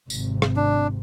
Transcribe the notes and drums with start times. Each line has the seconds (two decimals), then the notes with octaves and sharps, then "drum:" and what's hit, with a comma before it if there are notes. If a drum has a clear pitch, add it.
0.10 G#1 C3, drum: tambourine
0.42 drum: rim click
0.56 D4